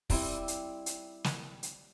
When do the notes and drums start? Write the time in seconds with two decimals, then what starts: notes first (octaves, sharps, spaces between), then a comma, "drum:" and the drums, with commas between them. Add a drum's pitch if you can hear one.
0.10 G3 C4 E4, drum: kick, open hi-hat
0.48 drum: hi-hat
0.86 drum: hi-hat
1.24 drum: snare
1.63 drum: hi-hat